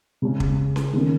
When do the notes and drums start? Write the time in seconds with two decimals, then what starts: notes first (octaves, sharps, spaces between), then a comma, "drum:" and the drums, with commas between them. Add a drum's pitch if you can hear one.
0.22 C#3 G#3 C#4
0.40 drum: kick
0.76 drum: snare C#4
0.93 D#3 A#3 C#4